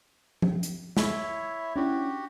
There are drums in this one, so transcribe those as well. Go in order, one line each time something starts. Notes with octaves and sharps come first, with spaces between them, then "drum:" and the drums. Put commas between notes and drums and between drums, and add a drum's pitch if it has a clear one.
drum: tom
drum: hi-hat
E4 C#5 E5, drum: snare
C#4 D4 E4 F#4 G4